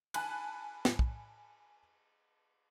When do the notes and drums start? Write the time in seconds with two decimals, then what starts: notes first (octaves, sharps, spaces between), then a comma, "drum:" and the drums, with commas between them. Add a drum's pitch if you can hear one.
0.14 G#5 A5 B5 F#6, drum: cymbal
0.85 drum: snare
0.99 drum: kick